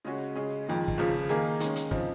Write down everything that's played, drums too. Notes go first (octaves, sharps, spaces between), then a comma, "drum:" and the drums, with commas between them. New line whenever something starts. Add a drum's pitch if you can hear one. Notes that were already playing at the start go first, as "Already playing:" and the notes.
C#3 G#3 C#4 F#4
C#3 G#3 C#4 G#4
F2 D#3 G#3
drum: kick
C#2 C#3 F3
D#3 A#3 D#4 G#4
D#3 G#3 C#4, drum: hi-hat
drum: hi-hat
C#3 F3 C4 D#4, drum: kick